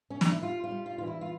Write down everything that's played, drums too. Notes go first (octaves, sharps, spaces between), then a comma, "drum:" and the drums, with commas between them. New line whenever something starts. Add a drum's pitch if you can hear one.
C#4
D4, drum: snare
E4
G3 F4
F4
G3
F4
E3 F4
E4
F4